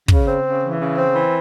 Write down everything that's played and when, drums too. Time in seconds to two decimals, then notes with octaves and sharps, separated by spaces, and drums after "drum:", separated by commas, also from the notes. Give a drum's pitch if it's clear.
0.08 C#3, drum: kick
0.26 C4
0.45 C#3
0.62 E3
0.80 C#3
0.97 C4
1.15 E3